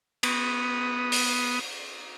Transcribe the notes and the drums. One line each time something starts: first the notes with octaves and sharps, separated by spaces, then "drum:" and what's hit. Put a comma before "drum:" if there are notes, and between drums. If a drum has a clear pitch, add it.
B3 D#6, drum: cymbal
drum: open hi-hat